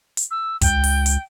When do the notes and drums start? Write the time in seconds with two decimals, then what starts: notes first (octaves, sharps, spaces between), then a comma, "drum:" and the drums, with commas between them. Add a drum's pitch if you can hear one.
0.17 drum: hi-hat
0.31 E6
0.61 C#2 G5, drum: kick, hi-hat
0.84 drum: open hi-hat
1.06 drum: hi-hat